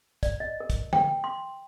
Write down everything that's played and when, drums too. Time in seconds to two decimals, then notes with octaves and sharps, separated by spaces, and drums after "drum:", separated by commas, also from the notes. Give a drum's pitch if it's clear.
0.23 D5, drum: kick, hi-hat
0.40 D#5
0.60 A#4
0.70 drum: kick, hi-hat
0.93 G5, drum: tom D3
1.24 C6